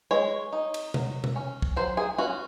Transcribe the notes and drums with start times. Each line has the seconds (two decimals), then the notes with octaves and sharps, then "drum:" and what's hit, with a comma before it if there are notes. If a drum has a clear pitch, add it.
0.11 G#3 C#5
0.53 D#4
0.74 drum: cymbal
0.94 F#3, drum: tom B2
1.24 drum: tom B2
1.36 C#4
1.62 drum: kick
1.76 F#3 C5
1.97 G#4
2.18 C#4 F#4